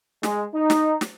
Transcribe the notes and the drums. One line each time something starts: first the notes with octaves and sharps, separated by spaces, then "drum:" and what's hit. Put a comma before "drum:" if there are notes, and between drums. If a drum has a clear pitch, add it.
G#3, drum: snare
D#4
drum: snare
drum: snare